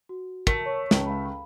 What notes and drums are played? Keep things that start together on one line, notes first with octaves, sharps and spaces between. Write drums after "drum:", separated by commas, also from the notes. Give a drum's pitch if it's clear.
F#4
A3 A#4, drum: kick
C#5 C#6
C#2, drum: snare
F5 B5